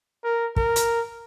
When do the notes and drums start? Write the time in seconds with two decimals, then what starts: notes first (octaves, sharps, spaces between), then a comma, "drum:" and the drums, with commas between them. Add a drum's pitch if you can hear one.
0.24 A#4
0.56 A#4, drum: kick
0.76 drum: hi-hat